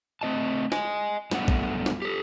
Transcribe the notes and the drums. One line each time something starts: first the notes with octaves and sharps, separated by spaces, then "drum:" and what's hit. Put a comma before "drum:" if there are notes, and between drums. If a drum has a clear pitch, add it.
A3 C4 D#5 A5
D#5 G#5, drum: snare
F#2 D3 G3 A3 B3 F#5, drum: snare
drum: kick
drum: snare
G4 A4